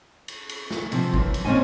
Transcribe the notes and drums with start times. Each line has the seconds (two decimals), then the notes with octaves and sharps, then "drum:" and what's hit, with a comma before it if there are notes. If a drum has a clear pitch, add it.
0.28 drum: cymbal
0.49 drum: cymbal
0.71 drum: snare
0.92 C3 F3, drum: cymbal
1.14 F#2 E3, drum: kick
1.34 drum: cymbal
1.45 A3 A#3 C4 C#4 D#4 G#5